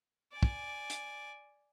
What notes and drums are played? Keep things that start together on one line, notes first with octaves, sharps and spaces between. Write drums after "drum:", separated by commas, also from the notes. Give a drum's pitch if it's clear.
D5 G#5
drum: kick
drum: hi-hat